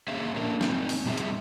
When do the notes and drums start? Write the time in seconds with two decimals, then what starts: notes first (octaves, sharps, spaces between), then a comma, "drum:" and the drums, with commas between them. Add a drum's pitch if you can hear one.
0.08 A#3 C#4 G#4 C#5 E5 F5
0.34 A3 A#3 D4 A#4
0.61 C4 D#4, drum: snare
0.89 drum: open hi-hat
1.06 B2 G3 C4 D#4 G#4 E5
1.17 drum: hi-hat